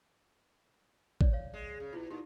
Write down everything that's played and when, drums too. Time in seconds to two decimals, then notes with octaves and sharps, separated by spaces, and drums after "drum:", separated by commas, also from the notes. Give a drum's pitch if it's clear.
1.21 C#5 D5, drum: kick A1
1.33 C#5 F5
1.54 G#3
1.80 C#3
1.93 B2 E4 F4
2.10 A#2 D#4 G4